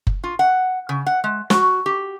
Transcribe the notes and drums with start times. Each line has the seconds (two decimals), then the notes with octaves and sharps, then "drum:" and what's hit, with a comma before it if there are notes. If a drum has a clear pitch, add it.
0.07 drum: kick F#1
0.24 F4
0.39 F#5
0.89 C#3
1.07 F#5
1.24 G#3
1.50 F#4, drum: snare
1.86 G4